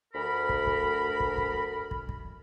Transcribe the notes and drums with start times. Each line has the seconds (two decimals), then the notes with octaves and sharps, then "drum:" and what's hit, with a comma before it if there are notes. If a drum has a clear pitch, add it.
0.14 D2 A#4 B5
0.49 drum: kick
0.67 drum: kick
1.20 drum: kick
1.38 drum: kick
1.91 drum: kick
2.09 drum: kick